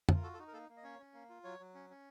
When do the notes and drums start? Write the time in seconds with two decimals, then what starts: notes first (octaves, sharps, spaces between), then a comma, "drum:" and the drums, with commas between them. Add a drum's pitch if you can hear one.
0.09 F4, drum: tom
0.15 A#4
0.23 F#4 A4
0.34 A4
0.39 D#4 F#4
0.48 A#4
0.53 A#3 A4
0.69 A#3
0.77 D#5
0.83 C#4 C#5
0.99 C#4
1.14 A#3
1.29 F4
1.44 F#3 C#5
1.60 F#3
1.74 C#4
1.90 C#4